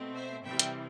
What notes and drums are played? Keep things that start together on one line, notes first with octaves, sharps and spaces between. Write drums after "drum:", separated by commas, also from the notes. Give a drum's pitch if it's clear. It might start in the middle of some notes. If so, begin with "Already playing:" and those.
Already playing: B2 A3 C4
C5 E5
C3 E3 G3 C4 E5 G5
drum: hi-hat